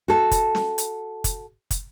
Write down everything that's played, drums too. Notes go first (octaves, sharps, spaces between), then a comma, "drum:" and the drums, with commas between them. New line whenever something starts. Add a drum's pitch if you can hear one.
F#4 A4
drum: kick, hi-hat
drum: snare
drum: hi-hat
drum: kick, hi-hat
drum: kick, hi-hat